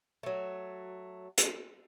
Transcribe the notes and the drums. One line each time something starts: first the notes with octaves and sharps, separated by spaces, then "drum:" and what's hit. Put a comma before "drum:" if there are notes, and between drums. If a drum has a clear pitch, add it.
F#3 A3
drum: hi-hat